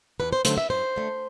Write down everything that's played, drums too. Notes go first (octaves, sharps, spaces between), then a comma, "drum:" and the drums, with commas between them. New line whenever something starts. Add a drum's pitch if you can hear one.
E2 B4
C5
D3 F#3 A3 C5, drum: hi-hat
E5
F#2 C5
D3 A3